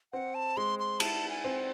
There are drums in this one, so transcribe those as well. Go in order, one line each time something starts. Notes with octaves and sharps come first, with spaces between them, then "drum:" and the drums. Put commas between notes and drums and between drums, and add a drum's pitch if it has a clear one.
C4 F#5
A5
G#3 C6
C6
E4 A5, drum: cymbal
G#5
C4